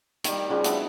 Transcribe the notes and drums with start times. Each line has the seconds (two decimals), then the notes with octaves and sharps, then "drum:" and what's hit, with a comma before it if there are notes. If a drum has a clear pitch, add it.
0.24 D#3 G3, drum: hi-hat
0.49 C#3 F3 G3 F#4
0.64 A3 B3 D4 E4, drum: hi-hat